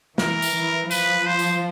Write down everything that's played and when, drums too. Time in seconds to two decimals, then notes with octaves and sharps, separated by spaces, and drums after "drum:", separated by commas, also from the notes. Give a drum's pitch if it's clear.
0.18 E3 A#4, drum: snare
0.42 drum: tambourine
0.55 E3
0.91 F3 B4, drum: tambourine
1.27 C5
1.39 drum: tambourine